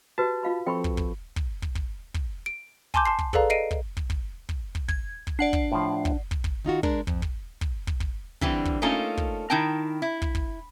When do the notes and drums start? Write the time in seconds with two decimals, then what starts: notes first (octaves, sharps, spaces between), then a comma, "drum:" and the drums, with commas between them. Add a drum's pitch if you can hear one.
0.18 F#4 G4 B4 A5
0.43 F4 F5 B5
0.67 F3 C4 A4 G5 B5 C#6
0.84 drum: kick
0.97 drum: kick
1.36 drum: kick
1.62 drum: kick
1.75 drum: kick
2.14 drum: kick
2.46 D7
2.94 G#5 A5 C6 D6 G6, drum: kick
3.06 A5 C6 C7
3.19 drum: kick
3.33 G#4 A4 B4 D5 F5 A#5, drum: kick
3.50 D#5 C7 D7 D#7
3.71 drum: kick
3.97 drum: kick
4.10 drum: kick
4.49 drum: kick
4.75 drum: kick
4.88 G#6, drum: kick
5.27 drum: kick
5.39 D4 D5 F#5 C7
5.53 drum: kick
5.72 A2 F3
6.05 drum: kick
6.31 drum: kick
6.44 drum: kick
6.65 D#3 D#4 F4 F#4
6.83 G#3 D4 A#4, drum: kick
7.07 F2, drum: kick
7.22 drum: kick
7.61 drum: kick
7.87 drum: kick
8.00 drum: kick
8.41 D3 E3 G3 C4, drum: kick
8.65 drum: kick
8.82 A3 A#3 C#4 D#4 F4 A4
9.17 drum: kick
9.50 D#3 D#4 E4 A#4 G5 A5
10.02 E4
10.22 drum: kick
10.35 drum: kick